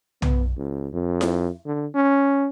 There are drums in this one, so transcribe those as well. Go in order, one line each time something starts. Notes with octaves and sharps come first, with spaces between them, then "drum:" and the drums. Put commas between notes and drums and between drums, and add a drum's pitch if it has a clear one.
B3, drum: tom
C#2
F2
drum: snare E4
D3
C#4